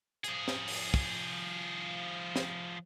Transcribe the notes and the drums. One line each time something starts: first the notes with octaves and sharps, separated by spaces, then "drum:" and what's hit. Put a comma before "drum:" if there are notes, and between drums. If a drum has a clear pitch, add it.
F3 G#4, drum: hi-hat
drum: snare
drum: open hi-hat
drum: kick
drum: snare